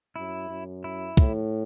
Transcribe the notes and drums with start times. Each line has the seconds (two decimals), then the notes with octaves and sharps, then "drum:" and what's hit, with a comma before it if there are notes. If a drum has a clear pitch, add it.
0.16 F#2 E4
0.50 F#2
0.84 E4
1.17 A2, drum: kick